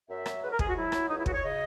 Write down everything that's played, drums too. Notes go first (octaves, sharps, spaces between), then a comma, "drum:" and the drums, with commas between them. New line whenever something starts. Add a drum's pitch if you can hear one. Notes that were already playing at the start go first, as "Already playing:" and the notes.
F#2 E5
F#3, drum: rim click
G#2 B4
A#4
G#2 G#4, drum: kick
F#4
F#3 E4
F#3, drum: rim click
C#2 D#4
E4
C#3 F#4, drum: kick
C#5
C#3 D#5